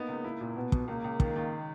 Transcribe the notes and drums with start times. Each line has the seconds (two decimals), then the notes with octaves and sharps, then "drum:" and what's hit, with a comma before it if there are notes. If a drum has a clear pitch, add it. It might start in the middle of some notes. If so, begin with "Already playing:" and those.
Already playing: A#3 B3 D#4
0.08 C#2
0.24 E4
0.41 A#2
0.56 B2 B3
0.72 B2, drum: kick
0.88 C#2 A#3
1.04 C#2
1.20 D#3, drum: kick
1.36 D#3